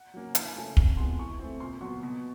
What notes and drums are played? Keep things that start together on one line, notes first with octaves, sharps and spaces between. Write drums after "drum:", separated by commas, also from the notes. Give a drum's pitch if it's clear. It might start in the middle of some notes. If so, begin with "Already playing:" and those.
Already playing: F#5
F#3 A#3 C#4
E3 F5, drum: hi-hat
G#5
A3 C#4 A5
C3, drum: kick
E3 G#3 B3 C6
E3 C#6
A3 C4
A#2 C6
F#3 B3 C#6
B2